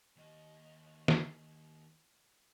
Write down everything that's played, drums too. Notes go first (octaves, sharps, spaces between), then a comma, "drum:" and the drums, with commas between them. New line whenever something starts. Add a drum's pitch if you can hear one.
D#2 D#5
drum: snare